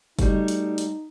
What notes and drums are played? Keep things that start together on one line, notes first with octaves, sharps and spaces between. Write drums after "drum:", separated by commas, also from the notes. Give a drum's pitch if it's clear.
G3 A3 D#4 F#4, drum: kick F#1, hi-hat
drum: hi-hat
drum: hi-hat